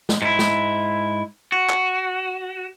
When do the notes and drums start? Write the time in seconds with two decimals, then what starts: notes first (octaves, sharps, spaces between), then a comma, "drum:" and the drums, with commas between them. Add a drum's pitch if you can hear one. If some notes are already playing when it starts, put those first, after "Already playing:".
0.09 drum: snare
0.22 G#2 E4
0.39 drum: snare
1.52 F#4
1.70 drum: clap